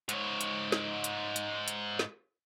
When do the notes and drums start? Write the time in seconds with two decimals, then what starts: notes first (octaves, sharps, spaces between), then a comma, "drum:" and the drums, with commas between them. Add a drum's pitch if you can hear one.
0.09 G#2 C#5, drum: hi-hat
0.41 drum: hi-hat
0.72 drum: snare
1.04 drum: hi-hat
1.36 drum: hi-hat
1.68 drum: hi-hat
1.99 drum: snare